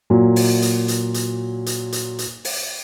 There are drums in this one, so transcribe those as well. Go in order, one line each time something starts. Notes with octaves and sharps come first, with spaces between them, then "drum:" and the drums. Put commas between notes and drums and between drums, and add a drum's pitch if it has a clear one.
A#2 F#3
drum: open hi-hat
drum: hi-hat
drum: hi-hat
drum: hi-hat
drum: hi-hat
drum: hi-hat
drum: hi-hat
drum: open hi-hat